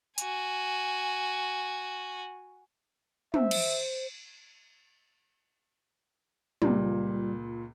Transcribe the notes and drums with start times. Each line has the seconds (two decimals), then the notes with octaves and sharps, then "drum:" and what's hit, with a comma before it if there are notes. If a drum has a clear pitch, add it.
0.18 F#4 G#5, drum: hi-hat
3.34 C5 E5, drum: tom
3.51 drum: cymbal
6.62 C#2 A#2 G3, drum: tom